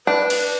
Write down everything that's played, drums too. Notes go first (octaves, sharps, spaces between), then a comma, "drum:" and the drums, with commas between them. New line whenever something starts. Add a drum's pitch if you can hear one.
D4 B4
B4, drum: cymbal